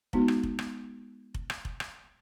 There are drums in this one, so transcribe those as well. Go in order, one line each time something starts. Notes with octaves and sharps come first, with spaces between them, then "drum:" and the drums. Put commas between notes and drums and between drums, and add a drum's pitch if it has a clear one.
G#3 B3 D#4 F#4, drum: kick F1
drum: rim click
drum: kick F1
drum: rim click
drum: kick F1
drum: rim click
drum: kick F1
drum: rim click